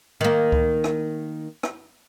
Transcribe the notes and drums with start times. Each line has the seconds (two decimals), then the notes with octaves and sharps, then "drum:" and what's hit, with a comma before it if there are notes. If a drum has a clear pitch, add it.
0.21 D#3 A#3
0.52 drum: kick C#2
0.84 drum: rim click
1.63 drum: rim click